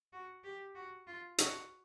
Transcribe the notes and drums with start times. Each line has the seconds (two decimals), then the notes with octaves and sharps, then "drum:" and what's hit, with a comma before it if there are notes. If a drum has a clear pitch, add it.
0.13 F#4
0.44 G4
0.75 F#4
1.07 F4
1.38 F#4, drum: hi-hat